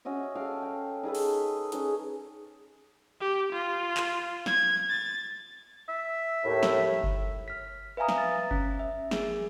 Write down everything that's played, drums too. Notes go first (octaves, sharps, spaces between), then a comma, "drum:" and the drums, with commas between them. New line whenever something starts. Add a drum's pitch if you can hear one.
C#4 F#4 D#5 E5
A4 F5 G5
G5
D#4 G#4 A4 B4
drum: open hi-hat
C#4 D#4 G#4 B4, drum: hi-hat
G4
F4
drum: clap
G#6, drum: snare
A6
E5
D#2 A2
drum: snare
drum: kick G1
F6 B6
B4 E5 F5 G#5 A#5 D#6
drum: snare
A6
C#4, drum: kick G1
E5
A#3 G#4, drum: snare